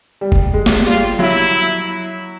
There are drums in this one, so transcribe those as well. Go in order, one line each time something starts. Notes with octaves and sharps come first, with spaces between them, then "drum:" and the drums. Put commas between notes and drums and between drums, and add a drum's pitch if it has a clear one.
G3
drum: kick F#1
G#3
drum: snare
G3 F4, drum: hi-hat
F#3 E4